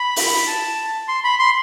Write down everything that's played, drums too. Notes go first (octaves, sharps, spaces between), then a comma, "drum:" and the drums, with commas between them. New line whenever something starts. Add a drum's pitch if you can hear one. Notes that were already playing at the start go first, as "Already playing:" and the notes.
Already playing: B5
drum: open hi-hat
A5
C6
B5
C6